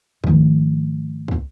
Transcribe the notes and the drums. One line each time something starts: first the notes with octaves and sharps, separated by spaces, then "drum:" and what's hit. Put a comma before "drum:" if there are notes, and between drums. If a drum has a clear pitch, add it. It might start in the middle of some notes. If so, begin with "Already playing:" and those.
G#2 D#3 F3 A3, drum: kick
drum: kick